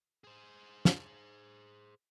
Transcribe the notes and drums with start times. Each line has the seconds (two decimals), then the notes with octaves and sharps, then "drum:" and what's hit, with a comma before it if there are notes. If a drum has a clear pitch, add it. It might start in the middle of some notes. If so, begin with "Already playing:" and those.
0.24 G#4 C5
0.85 drum: snare